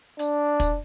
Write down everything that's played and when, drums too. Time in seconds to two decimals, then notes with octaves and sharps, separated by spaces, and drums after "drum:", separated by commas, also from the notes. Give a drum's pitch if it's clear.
0.19 D4, drum: hi-hat
0.60 drum: kick, hi-hat